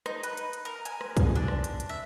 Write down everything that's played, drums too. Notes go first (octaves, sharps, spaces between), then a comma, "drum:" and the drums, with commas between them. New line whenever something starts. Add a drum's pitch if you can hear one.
D#4, drum: rim click
B4, drum: hi-hat
drum: hi-hat
drum: hi-hat
A#4
G#5, drum: hi-hat
drum: rim click
drum: kick, hi-hat
D4
drum: rim click
drum: hi-hat
drum: hi-hat
E5